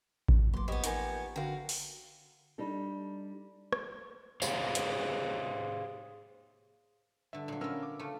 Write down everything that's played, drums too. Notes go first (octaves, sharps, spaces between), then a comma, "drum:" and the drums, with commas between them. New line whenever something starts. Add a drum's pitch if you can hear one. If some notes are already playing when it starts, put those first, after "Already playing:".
drum: kick A1
F#3 A#3 B3 C6 D6
F3 B3 G4 C#5 D#5 B5
D#4 A#4 G#5 C#6, drum: hi-hat
D3 F#4 A#4 F5 G5 A#5
drum: open hi-hat
G3 D4 D#4 A4
drum: rim click
G4 G#4 C5 C#5 F5, drum: tambourine
drum: hi-hat
G2 D3 E5
A#2 F#3
B3 C#4 F4 A#4 E6
D6
C#3 A3 F4